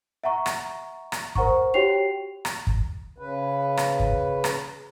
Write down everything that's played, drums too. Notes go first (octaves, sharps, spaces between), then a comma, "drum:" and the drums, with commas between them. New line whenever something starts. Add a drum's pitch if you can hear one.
E5 F#5 A#5 C#6
drum: rim click
drum: rim click
A#4 C5 F#5 A#5 C#6, drum: kick
F#4 G4 C#5 G5 C7 F7
drum: rim click
drum: kick
C#3 B4
drum: rim click
drum: kick
drum: rim click